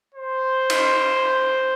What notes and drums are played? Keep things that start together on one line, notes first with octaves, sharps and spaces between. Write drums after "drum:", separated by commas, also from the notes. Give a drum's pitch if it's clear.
C5
drum: cymbal